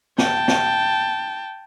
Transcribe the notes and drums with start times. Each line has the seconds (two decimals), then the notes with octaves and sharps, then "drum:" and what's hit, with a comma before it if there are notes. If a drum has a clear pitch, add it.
0.18 G5 A5, drum: snare
0.48 drum: snare